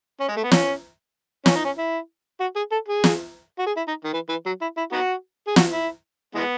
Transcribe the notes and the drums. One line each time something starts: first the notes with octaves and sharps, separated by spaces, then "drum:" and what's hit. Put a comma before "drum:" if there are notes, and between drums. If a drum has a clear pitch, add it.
C#4
G#3
A3
B3
C#4, drum: snare
C#4, drum: snare
D#4
C#4
E4
F#4
G#4
A4
G#4
drum: snare
F#4
G#4
E4
D#4
D#3
E3
E3
F#3
E4
E4
B3 D#4 F#4
G#4
F#4, drum: snare
E4
E3 G#3 B3